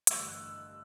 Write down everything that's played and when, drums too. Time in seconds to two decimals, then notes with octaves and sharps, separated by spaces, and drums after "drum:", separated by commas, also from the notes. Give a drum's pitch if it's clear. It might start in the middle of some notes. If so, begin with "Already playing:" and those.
0.07 A1 G2 D3 E6, drum: hi-hat
0.27 F#6
0.46 E6